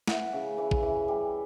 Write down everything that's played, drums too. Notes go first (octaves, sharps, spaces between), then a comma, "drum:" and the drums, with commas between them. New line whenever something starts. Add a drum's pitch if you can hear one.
E3 E5 F#5, drum: snare
C#3
E3
drum: kick
E3
G3